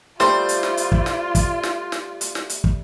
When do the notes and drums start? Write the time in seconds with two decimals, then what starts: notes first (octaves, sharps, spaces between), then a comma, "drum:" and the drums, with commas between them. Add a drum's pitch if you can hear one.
0.20 G3 A3 F4 C5 D5, drum: snare
0.49 drum: hi-hat
0.63 drum: snare
0.77 drum: hi-hat
0.92 drum: kick
1.06 drum: snare
1.35 drum: kick, hi-hat
1.63 drum: snare
1.92 drum: snare
2.21 drum: hi-hat
2.35 drum: snare
2.50 drum: hi-hat
2.64 drum: kick